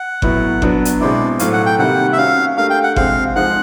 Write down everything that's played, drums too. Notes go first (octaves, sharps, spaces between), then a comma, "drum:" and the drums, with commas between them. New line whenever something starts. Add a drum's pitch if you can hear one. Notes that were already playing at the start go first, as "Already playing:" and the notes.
Already playing: F#5
A2 F#3 B3 E4, drum: kick G1
F#3 B3 D4, drum: kick G1
drum: hi-hat
B2 G#3 C4 E4 D5
A2 F#3 A3 F5, drum: hi-hat
F#5
G5
C3 D#3 G3 A#3 F#5
E5
A#3 C#4 F#4 F5
A3 D4 G4 A#4 F5
G5
F#5
C3 F3 G#3 C4 F5, drum: kick G1
F3 G#3 C4 D#4 F#5